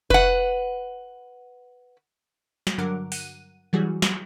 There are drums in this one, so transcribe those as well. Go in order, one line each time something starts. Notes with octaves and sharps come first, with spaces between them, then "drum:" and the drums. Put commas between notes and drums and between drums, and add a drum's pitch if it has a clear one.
B4 F#5, drum: kick F1
drum: snare
G2 D3 F#3 A#4 F#5 D6
F#5 D#7, drum: open hi-hat
E3 F#3 G3 F#4 G#4
drum: snare